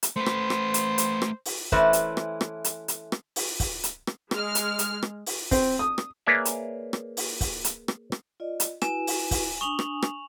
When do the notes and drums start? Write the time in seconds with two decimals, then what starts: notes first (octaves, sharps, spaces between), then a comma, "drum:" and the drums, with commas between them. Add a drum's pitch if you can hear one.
0.03 drum: hi-hat
0.16 A3 B4 C5
0.26 drum: rim click
0.50 drum: rim click
0.74 drum: hi-hat
0.98 drum: hi-hat
1.22 drum: rim click
1.45 drum: open hi-hat
1.72 E3 A3 C#4 E4 B4 C5, drum: kick
1.93 drum: hi-hat
2.17 drum: rim click
2.41 drum: rim click
2.64 drum: hi-hat
2.88 drum: hi-hat
3.12 drum: rim click
3.36 drum: open hi-hat
3.60 drum: kick, open hi-hat
3.84 drum: hi-hat
4.07 drum: rim click
4.31 G#3 F6, drum: rim click
4.55 drum: hi-hat
4.79 drum: hi-hat
5.03 drum: rim click
5.26 drum: open hi-hat
5.51 C4, drum: kick, open hi-hat
5.79 D#6
5.98 drum: rim click
6.26 A#3 G#4 B4 C#5 D5 E5
6.45 drum: hi-hat
6.93 drum: rim click
7.17 drum: open hi-hat
7.41 drum: kick, open hi-hat
7.64 drum: hi-hat
7.88 drum: rim click
8.12 drum: rim click
8.40 F4 D5 D#5
8.60 drum: hi-hat
8.82 E4 F#4 B4 G#5 E7, drum: rim click
9.07 drum: open hi-hat
9.31 drum: kick, open hi-hat
9.61 D4 G#5 C#6 D#6 F7 F#7
9.79 drum: rim click
10.02 drum: rim click